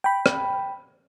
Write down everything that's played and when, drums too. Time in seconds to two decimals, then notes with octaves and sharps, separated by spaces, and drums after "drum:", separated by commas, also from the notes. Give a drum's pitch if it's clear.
0.04 G5 B5
0.26 drum: rim click